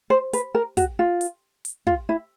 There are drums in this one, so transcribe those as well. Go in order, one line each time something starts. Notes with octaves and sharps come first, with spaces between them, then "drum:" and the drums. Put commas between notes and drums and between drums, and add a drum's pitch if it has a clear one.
C5
B4, drum: hi-hat
A#4
F#4, drum: kick, hi-hat
F4
drum: hi-hat
drum: hi-hat
F4, drum: kick
E4